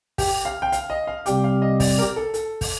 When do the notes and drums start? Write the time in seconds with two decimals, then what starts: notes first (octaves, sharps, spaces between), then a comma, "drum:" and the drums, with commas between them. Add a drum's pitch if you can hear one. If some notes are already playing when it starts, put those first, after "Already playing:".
0.18 G4, drum: kick, open hi-hat
0.45 F5
0.62 G5
0.72 F5, drum: hi-hat
0.90 D#5
1.07 F5
1.26 C3 G3 C4 G4 G5, drum: hi-hat
1.44 F5
1.62 D#5
1.80 D5, drum: kick, open hi-hat
1.98 A#4
2.16 A4
2.34 A4, drum: hi-hat
2.61 drum: kick, open hi-hat